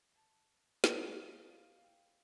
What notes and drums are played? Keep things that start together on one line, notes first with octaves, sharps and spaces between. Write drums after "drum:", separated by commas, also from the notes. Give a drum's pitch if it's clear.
A5
G5, drum: snare
D5
D#5
F5
D#5
F5
F5
G5